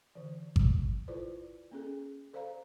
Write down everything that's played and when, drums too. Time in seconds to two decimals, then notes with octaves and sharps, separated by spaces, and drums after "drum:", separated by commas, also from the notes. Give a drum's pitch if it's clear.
0.15 D3 E3
0.56 drum: kick G#1
1.08 E4 F4 A4 B4 C5 D5
1.71 A#3 C#4 G#4 A4
2.33 A4 C5 D5 F5 A#5